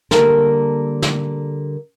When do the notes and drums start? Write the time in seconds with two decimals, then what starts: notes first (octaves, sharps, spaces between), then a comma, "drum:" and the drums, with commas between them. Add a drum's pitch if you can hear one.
0.11 D3 G3 A#3 A4 A#4, drum: snare
1.02 drum: snare